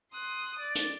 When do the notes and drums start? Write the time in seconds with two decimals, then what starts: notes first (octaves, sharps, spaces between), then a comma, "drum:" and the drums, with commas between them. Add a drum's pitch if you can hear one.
0.12 C6 D#6 F#6
0.60 D5
0.75 drum: hi-hat